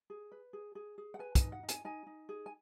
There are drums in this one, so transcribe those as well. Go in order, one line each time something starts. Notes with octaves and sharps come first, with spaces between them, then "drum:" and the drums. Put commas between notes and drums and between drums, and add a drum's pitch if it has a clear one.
G#4
B4
G#4
G#4
G#4
F#5
B4 G#5
G#5, drum: kick, hi-hat
D#4
F#5
D#4
G#5, drum: hi-hat
D#4 G#5
D#4
G#4
G#5